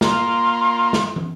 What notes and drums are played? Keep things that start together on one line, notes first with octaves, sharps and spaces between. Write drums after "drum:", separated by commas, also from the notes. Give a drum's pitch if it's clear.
A#3 F4 C6, drum: snare
drum: snare
drum: tom